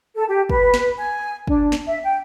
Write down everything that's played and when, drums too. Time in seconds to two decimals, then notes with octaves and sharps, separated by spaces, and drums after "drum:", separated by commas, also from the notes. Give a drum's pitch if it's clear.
0.15 A4
0.28 G4
0.49 B4, drum: kick
0.74 drum: snare
0.98 G#5
1.47 D4, drum: kick
1.72 drum: snare
1.85 E5
2.04 G5